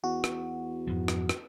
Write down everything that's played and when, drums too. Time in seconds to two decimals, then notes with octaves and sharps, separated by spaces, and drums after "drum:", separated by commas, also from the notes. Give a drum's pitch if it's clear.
0.04 E2 F#4
0.24 drum: rim click
0.87 F2 G#2 F3
1.08 drum: rim click
1.29 drum: rim click